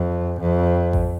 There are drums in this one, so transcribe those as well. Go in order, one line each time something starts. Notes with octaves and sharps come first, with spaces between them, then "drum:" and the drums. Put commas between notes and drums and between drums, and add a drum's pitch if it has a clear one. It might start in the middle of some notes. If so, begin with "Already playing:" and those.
Already playing: F2
F2
drum: kick A1